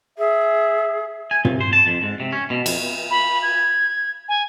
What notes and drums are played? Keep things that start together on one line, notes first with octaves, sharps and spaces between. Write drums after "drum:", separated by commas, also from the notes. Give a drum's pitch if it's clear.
G#4 E5
G#5
C3, drum: tom
C5
A5
F2
G#2
C3
C#4
B2
F2, drum: cymbal
B5
G#6
G#5